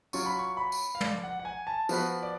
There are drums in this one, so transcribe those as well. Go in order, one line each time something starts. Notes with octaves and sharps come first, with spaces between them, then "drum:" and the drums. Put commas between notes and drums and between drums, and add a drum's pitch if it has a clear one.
F#3 C#4 F4 C#6, drum: tambourine
B5
C#6
B5
drum: tambourine
F5
D5, drum: tom
F#5
F#5
G#5
A5
F3 B3 F#4 B4, drum: tambourine
D5